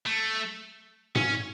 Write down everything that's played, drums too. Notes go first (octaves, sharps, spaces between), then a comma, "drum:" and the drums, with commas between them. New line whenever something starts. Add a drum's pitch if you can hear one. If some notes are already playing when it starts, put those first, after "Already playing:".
A3
C#4, drum: tom G#2